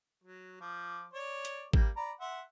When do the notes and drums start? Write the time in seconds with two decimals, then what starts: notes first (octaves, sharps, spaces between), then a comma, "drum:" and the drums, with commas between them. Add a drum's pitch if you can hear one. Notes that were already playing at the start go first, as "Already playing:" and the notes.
0.24 F#3
0.61 F3 D6
1.13 C#5 D5
1.45 drum: hi-hat
1.73 G3 A#3, drum: kick G#1
1.96 D5 A#5 B5
2.21 E5 F#5 C6